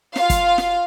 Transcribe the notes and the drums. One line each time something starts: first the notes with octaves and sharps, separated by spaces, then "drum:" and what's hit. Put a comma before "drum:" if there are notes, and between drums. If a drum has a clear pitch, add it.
F4 F5, drum: snare
drum: kick, hi-hat
drum: snare